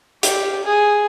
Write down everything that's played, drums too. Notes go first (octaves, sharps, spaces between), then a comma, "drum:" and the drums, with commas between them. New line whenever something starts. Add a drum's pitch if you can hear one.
G4, drum: hi-hat
G#4